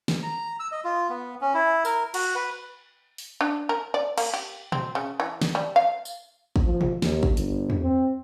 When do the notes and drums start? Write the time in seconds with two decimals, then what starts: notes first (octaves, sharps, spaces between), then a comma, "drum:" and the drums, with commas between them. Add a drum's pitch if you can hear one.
0.08 drum: snare
0.23 A#5
0.60 E6
0.72 D#5
0.84 F4
1.09 B3
1.41 C#4
1.54 E4
1.85 A#4, drum: tambourine
2.14 F#4, drum: cymbal
2.35 B4
3.18 drum: open hi-hat
3.41 D4
3.69 A#4
3.94 D5
4.18 A#3, drum: cymbal
4.34 G4
4.72 C4, drum: tom A#2
4.95 C#3
5.20 E3
5.42 drum: snare
5.55 G3
5.76 F5
6.05 drum: tambourine
6.56 drum: kick
6.66 F3
6.81 drum: tom A#2
7.02 D#2, drum: snare
7.23 drum: kick
7.37 G1, drum: hi-hat
7.70 drum: tom E2
7.82 C4